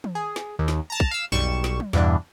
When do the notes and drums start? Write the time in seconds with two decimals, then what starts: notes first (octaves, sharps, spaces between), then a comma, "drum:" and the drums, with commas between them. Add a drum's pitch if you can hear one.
0.04 drum: tom
0.15 G#4
0.36 drum: snare
0.59 D#2
0.68 drum: snare
0.90 A5 A#5
1.00 drum: kick
1.11 F5 E6
1.32 B1 G3 C#6 E7, drum: tom
1.64 drum: snare
1.80 drum: tom
1.93 E2 G2 B2 E3 D4, drum: snare